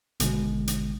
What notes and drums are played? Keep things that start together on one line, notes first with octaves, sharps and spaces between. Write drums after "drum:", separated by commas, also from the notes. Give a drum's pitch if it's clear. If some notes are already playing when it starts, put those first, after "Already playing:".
G#1 B2 D3 G#3, drum: hi-hat
drum: hi-hat